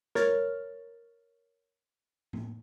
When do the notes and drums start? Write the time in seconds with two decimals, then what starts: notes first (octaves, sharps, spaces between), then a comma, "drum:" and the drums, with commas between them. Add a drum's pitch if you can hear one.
0.15 A#4 C#5 F6 A6, drum: snare
2.33 drum: tom A2